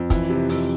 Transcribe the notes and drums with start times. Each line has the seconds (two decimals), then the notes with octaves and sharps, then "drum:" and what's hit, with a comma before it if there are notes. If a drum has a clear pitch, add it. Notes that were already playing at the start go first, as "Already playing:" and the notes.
Already playing: F2
0.10 E3, drum: kick, hi-hat
0.29 C3
0.49 F2, drum: open hi-hat